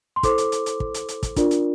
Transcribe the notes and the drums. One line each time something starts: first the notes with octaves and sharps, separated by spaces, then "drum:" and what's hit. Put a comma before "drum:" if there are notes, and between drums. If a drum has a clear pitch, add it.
C6
E4 A4 C5 D6, drum: kick, hi-hat
drum: hi-hat
drum: hi-hat
drum: hi-hat
drum: kick
drum: hi-hat
drum: hi-hat
drum: kick, hi-hat
D4 F4 A#4 D5, drum: kick, hi-hat
drum: hi-hat